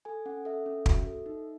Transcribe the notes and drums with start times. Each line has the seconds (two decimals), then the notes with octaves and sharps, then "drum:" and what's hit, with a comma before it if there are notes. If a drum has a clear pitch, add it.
0.05 A4 G#5
0.26 C#4 F#5
0.45 A4 E5
0.66 C#4
0.86 F#4, drum: kick
1.06 A4
1.26 D#4